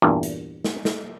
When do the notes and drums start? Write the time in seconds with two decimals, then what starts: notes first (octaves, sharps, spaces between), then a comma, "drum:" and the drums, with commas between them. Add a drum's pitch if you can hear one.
0.02 E2 G2 A#2
0.23 drum: hi-hat
0.64 drum: snare
0.85 drum: snare